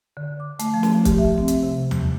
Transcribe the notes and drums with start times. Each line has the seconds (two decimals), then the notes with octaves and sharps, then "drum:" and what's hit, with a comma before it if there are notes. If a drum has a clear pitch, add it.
0.17 D3
0.40 D6
0.59 A3, drum: hi-hat
0.74 F3
0.83 drum: snare
1.05 G4, drum: kick, hi-hat
1.18 E5
1.38 C4
1.48 drum: hi-hat
1.63 C3
1.91 drum: tom D#2